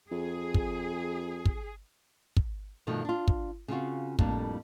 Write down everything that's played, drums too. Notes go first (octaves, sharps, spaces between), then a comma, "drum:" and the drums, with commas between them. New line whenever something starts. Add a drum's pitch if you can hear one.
F2 G#4
drum: kick
drum: kick
drum: kick
G2 B2 D#3 F3 A3
D4 F4
drum: kick
C#3 C4 F4 F#4
F2 A2 G3 A#3 D4, drum: kick